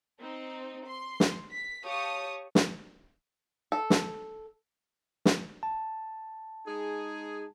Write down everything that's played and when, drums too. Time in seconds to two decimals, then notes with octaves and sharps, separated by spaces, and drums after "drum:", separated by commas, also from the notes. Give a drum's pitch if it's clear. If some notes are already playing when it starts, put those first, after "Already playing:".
0.19 C4 D#4
0.86 C6
1.20 drum: snare
1.51 B6
1.84 G4 C#5 F5 A5 C#6 D#6
2.55 drum: snare
3.72 A4
3.90 drum: snare
5.25 drum: snare
5.63 A5
6.67 G#3 D#4 G#4